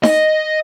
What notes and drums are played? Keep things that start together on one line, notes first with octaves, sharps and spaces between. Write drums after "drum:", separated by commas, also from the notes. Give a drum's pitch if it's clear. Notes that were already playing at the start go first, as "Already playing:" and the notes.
D#5, drum: snare D#4